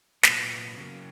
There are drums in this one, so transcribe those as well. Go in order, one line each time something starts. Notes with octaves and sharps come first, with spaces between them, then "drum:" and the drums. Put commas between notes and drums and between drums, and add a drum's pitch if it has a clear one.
A#2 F#3 B3, drum: snare
C#3 F#3 A#3